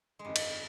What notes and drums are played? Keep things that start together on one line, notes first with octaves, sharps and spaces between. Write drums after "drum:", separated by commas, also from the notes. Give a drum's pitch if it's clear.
G#3
G1 F2 D#3 G3
drum: cymbal